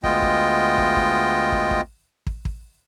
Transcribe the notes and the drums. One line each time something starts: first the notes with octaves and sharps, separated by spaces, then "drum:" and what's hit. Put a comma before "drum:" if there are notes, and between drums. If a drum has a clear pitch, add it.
D2 G#3 B3 F4 D#5 G5, drum: kick
drum: kick
drum: kick
drum: kick
drum: kick
drum: kick
drum: kick
drum: kick